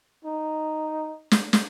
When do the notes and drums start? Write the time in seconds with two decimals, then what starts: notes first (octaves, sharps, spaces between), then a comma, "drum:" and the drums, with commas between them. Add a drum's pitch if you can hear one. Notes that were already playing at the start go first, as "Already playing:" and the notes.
0.25 D#4
1.31 drum: snare
1.53 drum: snare